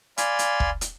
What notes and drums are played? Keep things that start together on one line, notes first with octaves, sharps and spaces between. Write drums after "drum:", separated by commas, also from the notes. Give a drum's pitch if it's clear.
D5 F5 G#5 B5 C6, drum: hi-hat
drum: hi-hat
drum: kick
drum: hi-hat